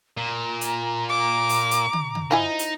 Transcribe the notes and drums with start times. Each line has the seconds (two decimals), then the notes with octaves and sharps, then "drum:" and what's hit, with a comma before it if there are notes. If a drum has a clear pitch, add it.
0.17 A#2 A#5
0.61 drum: hi-hat
1.09 D6
1.49 drum: open hi-hat
1.71 drum: hi-hat
1.93 drum: tom
2.15 drum: tom
2.31 F3 D#4 E4 G#5
2.59 drum: hi-hat